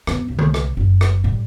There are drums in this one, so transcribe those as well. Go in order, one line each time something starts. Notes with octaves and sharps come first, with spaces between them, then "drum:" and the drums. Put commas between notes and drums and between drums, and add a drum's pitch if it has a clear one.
F2 B3, drum: rim click
C2
drum: tom D3
drum: rim click
F#1 F#2
drum: rim click
A2 G3